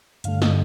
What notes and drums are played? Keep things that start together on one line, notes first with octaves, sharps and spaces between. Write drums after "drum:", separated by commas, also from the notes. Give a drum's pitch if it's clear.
G2 D3 A3 F5, drum: hi-hat
D#5, drum: snare